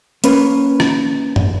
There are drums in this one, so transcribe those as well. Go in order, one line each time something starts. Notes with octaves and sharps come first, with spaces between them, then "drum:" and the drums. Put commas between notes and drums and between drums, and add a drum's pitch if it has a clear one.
A#3 C#4 B4, drum: hi-hat
drum: rim click
drum: tom F#2